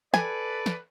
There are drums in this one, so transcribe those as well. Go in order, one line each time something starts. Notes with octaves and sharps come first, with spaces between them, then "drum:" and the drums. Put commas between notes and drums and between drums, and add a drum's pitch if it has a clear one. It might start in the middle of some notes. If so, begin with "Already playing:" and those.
A4 B4 D5 G#5, drum: snare
drum: snare